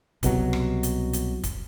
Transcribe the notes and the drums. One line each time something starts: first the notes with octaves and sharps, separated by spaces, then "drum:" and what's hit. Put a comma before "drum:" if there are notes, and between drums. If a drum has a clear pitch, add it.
C2 B2 F#3, drum: kick, hi-hat
drum: rim click
drum: hi-hat
drum: hi-hat
drum: kick, hi-hat